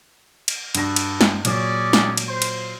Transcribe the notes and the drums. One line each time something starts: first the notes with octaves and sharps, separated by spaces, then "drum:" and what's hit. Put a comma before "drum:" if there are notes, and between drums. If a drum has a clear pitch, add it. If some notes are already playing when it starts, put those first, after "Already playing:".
drum: cymbal
G2 B3 F#4 A4 A#6, drum: cymbal
drum: cymbal
drum: snare
A#2 F#3 C#4 G#4 D5, drum: cymbal
drum: snare
drum: cymbal
C5
drum: cymbal